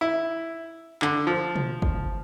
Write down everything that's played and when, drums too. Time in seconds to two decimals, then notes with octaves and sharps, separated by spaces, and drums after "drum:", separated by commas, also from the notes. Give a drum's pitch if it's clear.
0.01 E4
1.02 D3, drum: clap
1.27 F3
1.55 drum: tom B2
1.82 drum: kick